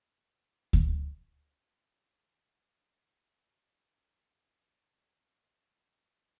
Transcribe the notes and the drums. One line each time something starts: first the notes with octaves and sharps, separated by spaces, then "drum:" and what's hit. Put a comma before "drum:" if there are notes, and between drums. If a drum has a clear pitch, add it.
C#2 F#5
drum: kick D2
C#5
F#4
C#5
D#3 B3
D#2 E3 D4 F#4 A4 D#5
F3 G3 A#3